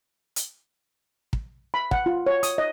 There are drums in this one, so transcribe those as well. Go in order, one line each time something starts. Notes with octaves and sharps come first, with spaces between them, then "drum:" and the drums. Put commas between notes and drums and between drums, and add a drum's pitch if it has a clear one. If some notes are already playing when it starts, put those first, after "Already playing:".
drum: hi-hat
drum: kick
B5
F#5, drum: kick
F4
C#5
D#6, drum: hi-hat
D#5